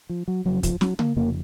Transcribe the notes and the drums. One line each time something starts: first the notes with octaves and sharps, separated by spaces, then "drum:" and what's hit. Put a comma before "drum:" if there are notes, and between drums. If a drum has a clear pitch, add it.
F3
F#3
F1 F2 C#3 F#3
F3, drum: kick, hi-hat
F#3, drum: snare
A#3, drum: tom C#3
F1 F2 C#3 A#3